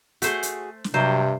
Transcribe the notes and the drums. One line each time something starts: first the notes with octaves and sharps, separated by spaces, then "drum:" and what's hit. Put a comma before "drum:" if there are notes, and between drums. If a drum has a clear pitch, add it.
A3 F#4 G#4 C5, drum: hi-hat
drum: hi-hat
drum: snare
G2 C3 F#3 C5